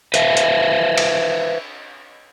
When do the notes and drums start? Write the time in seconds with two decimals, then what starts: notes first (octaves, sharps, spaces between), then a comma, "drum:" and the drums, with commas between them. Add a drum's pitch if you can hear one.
0.14 B4 C5 E5 F5, drum: hi-hat
0.37 drum: hi-hat
0.98 drum: cymbal